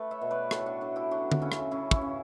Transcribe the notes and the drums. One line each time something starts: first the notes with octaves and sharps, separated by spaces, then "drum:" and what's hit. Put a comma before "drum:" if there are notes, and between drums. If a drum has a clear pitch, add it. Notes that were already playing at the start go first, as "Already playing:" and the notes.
Already playing: A3 B4
C#5 E5
B2
B4 D5
A2 A4 C#5, drum: rim click
D4 F#4
A3 D4
E4 G4
F#3 D4 F#4
drum: tom D3
C#3 C#4 E4
drum: rim click
C#3 C#4 E4
C#4 E4, drum: kick
C#3